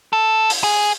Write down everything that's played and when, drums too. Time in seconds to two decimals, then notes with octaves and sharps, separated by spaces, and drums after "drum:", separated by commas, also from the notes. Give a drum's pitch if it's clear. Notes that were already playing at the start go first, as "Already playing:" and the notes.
0.13 A4
0.50 drum: open hi-hat
0.64 G#4